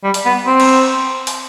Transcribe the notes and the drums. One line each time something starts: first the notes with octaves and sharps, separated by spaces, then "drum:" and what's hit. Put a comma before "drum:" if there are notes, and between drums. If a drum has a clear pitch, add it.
G3
drum: open hi-hat
B3
C4
drum: cymbal
drum: open hi-hat